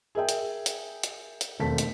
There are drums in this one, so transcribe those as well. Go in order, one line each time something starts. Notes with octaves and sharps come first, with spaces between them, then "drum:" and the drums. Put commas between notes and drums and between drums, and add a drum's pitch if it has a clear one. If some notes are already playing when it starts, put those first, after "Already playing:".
G#4 A#4 E5 G5
drum: hi-hat
drum: hi-hat
drum: hi-hat
drum: hi-hat
E1 D#2 A3 C4 A5 B6
drum: hi-hat